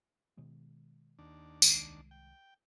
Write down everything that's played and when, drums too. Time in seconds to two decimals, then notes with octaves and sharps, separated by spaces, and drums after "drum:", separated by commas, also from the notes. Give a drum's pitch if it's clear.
0.37 B2 D#3 G#3
1.19 D#2 D4
1.62 C2 D#3 G#3, drum: tambourine
2.11 G5